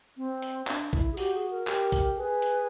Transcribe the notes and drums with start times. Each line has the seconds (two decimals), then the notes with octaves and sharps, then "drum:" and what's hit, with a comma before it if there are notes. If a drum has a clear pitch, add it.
0.17 C4
0.42 drum: hi-hat
0.67 D4, drum: clap
0.93 E4, drum: kick A#1
1.13 G#4
1.17 F#4 G4, drum: open hi-hat
1.34 G#4
1.51 A#4
1.67 G4, drum: clap
1.92 drum: kick A#1, hi-hat
2.18 G#4 B4
2.42 drum: hi-hat